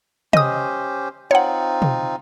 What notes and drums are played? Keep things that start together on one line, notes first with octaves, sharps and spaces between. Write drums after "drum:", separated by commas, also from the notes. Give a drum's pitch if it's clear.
C#4 G4 C5 D#5 D#6, drum: tom C3
C4 D#4 F4 C#5 F#5
drum: tom B2